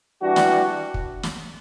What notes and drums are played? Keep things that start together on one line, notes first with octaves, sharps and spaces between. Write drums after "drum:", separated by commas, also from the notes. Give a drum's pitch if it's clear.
E3 G3 D4 F#4
drum: snare
drum: kick
drum: snare